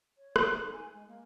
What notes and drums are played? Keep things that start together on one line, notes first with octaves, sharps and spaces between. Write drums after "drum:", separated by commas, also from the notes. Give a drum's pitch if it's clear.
C#5
E5, drum: rim click
B3
D#4
G#5
G#3
A#3